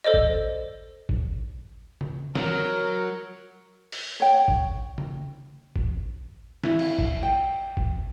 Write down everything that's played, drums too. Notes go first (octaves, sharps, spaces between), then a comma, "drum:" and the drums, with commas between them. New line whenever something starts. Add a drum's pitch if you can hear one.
A4 C5 D5 D#5
drum: kick
drum: kick
drum: tom C#3
F#3 A#4, drum: snare
drum: open hi-hat
C#5 G5
drum: kick
drum: tom C#3
drum: kick
E4, drum: snare
drum: cymbal
drum: kick
G5
drum: kick